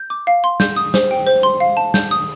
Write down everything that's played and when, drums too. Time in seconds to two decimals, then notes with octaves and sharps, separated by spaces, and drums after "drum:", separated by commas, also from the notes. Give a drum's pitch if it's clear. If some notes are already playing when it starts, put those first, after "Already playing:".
Already playing: G6
0.10 D6
0.27 F5
0.44 C6
0.60 G6, drum: snare
0.76 D#6
0.94 C5, drum: snare
1.11 G5
1.27 C5
1.43 C6
1.60 F5
1.77 A5
1.94 G6, drum: snare
2.11 D#6